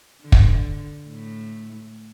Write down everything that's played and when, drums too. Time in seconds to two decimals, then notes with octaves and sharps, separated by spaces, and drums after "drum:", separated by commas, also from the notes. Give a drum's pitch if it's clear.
0.22 D3
0.32 drum: kick
1.08 A2